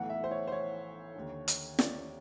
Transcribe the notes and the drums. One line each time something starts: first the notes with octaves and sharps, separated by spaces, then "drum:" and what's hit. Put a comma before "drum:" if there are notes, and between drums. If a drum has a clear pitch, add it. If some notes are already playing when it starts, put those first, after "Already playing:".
Already playing: B1 A2 E3 F#5
E5
C5
C#5
C5
C#5
D#2 D3
drum: hi-hat
D5, drum: snare